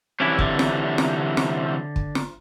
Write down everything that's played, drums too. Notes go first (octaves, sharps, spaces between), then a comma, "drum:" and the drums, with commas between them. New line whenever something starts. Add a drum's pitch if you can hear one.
C3 E3 F#3 C#4 D4 E4
D3, drum: kick
drum: snare
drum: snare
drum: snare
drum: kick
drum: snare